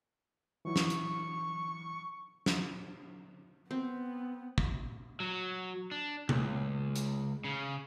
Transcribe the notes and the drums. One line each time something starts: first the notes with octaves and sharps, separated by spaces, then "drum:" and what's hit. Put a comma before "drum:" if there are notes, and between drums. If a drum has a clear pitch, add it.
E3 F#3 E4 C#6
drum: snare
drum: hi-hat
drum: snare
B3 C4
drum: kick
F#3
D4
C#2, drum: tom C3
drum: hi-hat
C#3